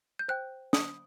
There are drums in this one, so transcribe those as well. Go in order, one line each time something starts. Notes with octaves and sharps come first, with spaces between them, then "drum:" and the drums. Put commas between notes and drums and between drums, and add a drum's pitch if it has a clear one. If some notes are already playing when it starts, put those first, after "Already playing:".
G6
C5 G5 F#6
D#6, drum: snare